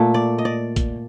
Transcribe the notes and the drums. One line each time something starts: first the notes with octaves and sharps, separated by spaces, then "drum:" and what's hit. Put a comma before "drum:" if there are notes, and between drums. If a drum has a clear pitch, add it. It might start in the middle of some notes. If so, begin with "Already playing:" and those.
Already playing: A#2 A3
D5
D#5
D5
drum: kick A#1, hi-hat